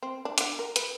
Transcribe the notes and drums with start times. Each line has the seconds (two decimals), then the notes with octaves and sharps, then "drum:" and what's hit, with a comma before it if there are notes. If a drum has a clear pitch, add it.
0.03 C4
0.25 D4
0.38 D4 F#5, drum: hi-hat
0.59 A#4
0.76 B4, drum: hi-hat